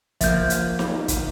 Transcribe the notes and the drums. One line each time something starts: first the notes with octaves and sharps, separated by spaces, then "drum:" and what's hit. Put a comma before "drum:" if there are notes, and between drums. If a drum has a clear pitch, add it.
F3 A#3 E5 G6, drum: kick, hi-hat
drum: hi-hat
drum: snare
drum: kick, hi-hat